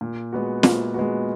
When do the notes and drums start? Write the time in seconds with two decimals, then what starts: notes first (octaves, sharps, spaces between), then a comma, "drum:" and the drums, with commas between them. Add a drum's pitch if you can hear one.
0.01 A#2
0.33 G#3 B3 F#4
0.63 A#2, drum: snare
0.94 G#3 B3 F#4